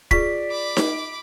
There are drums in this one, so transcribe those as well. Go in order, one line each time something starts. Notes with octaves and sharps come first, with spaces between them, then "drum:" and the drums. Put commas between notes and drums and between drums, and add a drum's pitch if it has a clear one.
F4 G#4 D5 B6, drum: kick
B5 D6
drum: snare D#4